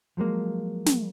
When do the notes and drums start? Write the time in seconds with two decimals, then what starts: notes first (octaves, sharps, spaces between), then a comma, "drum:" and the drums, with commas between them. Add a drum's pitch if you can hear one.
0.17 F3 F#3 G#3 A#3
0.86 drum: snare